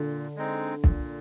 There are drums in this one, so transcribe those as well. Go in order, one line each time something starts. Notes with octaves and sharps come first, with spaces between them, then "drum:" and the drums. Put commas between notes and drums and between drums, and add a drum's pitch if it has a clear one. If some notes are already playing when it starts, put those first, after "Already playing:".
Already playing: A#2 D3
G#3 C4 D#4
A#2, drum: kick